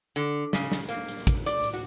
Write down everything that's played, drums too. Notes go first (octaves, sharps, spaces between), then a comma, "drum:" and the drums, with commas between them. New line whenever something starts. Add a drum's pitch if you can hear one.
D3
C#3, drum: snare
drum: snare
A#3, drum: hi-hat
drum: hi-hat
drum: kick, hi-hat
D5, drum: hi-hat
drum: hi-hat
F#4